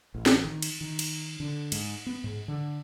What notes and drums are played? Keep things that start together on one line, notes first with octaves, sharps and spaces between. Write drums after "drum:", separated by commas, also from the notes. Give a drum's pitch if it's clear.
A1
drum: snare
D#3
drum: cymbal
D#3
drum: cymbal
D3
G#2, drum: cymbal
B3
G#2
D3